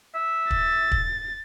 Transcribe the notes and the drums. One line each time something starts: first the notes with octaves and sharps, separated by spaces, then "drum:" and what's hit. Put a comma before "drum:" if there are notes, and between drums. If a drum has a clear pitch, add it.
E5
A6, drum: kick
drum: kick